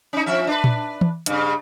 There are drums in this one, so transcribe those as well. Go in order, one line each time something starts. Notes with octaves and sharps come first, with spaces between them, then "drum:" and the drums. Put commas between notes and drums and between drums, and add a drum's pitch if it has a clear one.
C#4 D#4
F3 C#4 E5
D4 B4
drum: tom A#2
drum: tom E3
G2 C#3, drum: hi-hat